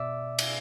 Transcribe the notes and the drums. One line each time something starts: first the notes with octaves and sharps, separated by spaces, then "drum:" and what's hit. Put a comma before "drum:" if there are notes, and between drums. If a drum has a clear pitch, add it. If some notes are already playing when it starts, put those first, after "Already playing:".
Already playing: B2 D5 E5 D6 E6
drum: cymbal